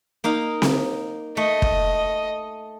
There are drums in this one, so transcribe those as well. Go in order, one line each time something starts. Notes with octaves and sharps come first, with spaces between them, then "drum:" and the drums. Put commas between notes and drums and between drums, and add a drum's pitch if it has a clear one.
A#3 D#4 F5
drum: snare C4
A3 D#5
drum: kick